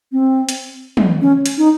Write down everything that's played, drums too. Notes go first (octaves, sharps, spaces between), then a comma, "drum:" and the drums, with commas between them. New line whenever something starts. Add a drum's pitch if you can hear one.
C4
drum: hi-hat
drum: tom
C#4
drum: hi-hat
D#4